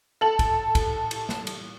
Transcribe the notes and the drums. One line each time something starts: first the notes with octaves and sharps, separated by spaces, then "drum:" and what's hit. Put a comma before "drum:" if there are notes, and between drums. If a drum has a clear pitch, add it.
A4 A5 F#7
drum: kick, cymbal
drum: kick, cymbal
drum: cymbal
drum: snare
drum: cymbal